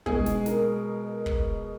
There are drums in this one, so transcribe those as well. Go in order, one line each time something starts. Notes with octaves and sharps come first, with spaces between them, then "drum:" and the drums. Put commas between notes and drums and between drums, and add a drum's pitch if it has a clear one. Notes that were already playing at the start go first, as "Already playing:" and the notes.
B2 G#3 G#4, drum: kick
drum: snare
A#4, drum: snare
drum: kick